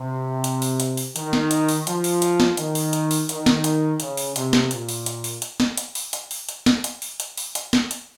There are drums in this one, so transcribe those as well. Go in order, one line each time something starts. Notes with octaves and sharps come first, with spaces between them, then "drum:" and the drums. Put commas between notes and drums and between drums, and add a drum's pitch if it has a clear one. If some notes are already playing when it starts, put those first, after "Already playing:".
Already playing: C3
drum: hi-hat
drum: open hi-hat
drum: hi-hat
drum: open hi-hat
D#3, drum: hi-hat
drum: snare
drum: hi-hat
drum: open hi-hat
F3, drum: hi-hat
drum: open hi-hat
drum: hi-hat
drum: snare
D#3, drum: hi-hat
drum: open hi-hat
drum: hi-hat
drum: open hi-hat
D#3, drum: hi-hat
drum: snare
drum: hi-hat
C#3, drum: hi-hat
drum: open hi-hat
C3, drum: hi-hat
drum: snare
A#2, drum: hi-hat
drum: open hi-hat
drum: hi-hat
drum: open hi-hat
drum: hi-hat
drum: snare
drum: hi-hat
drum: open hi-hat
drum: hi-hat
drum: open hi-hat
drum: hi-hat
drum: snare
drum: hi-hat
drum: open hi-hat
drum: hi-hat
drum: open hi-hat
drum: hi-hat
drum: snare
drum: hi-hat